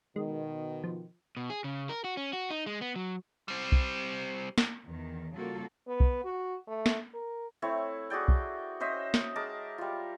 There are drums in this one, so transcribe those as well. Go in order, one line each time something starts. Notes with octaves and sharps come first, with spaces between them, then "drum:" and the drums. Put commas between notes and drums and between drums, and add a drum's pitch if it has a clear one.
B2 D#3 G#3
F3
B2
G#4
C#3
A#4
F#4
C#4
F#4
D#4
G#3
B3
F#3
G3 C4
drum: kick B1
drum: snare
E2 D#3
C#3 G3 A#3 F4 F#4 A4
B3
drum: kick B1
F#4
A3
drum: snare
A#4
A3 C4 E4 C#5
F#4 G#4 D5 G5
drum: kick B1
C#4 C5 D#5 E5
drum: snare
G#3 A#4 A5 D6
G3 F4